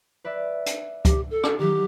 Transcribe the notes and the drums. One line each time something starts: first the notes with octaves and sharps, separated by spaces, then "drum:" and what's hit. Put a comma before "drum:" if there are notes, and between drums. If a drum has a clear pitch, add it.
B4 D5 E5
drum: hi-hat
G4, drum: kick C#2, hi-hat
A4
drum: rim click
D#3 E3 F#3 G4